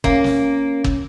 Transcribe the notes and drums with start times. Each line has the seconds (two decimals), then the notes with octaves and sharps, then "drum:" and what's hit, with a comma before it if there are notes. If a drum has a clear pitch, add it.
0.04 A#3 C#4, drum: kick
0.24 drum: snare
0.84 drum: kick